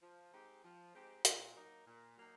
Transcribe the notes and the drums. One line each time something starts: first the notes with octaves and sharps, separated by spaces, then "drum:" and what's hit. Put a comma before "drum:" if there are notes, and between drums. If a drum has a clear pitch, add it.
F3
G#3 C4 D#4 G4
F3
G#3 C4 D#4 G4
A#2, drum: hi-hat
F#3 A#3 D#4
A#2
F#3 A#3 D#4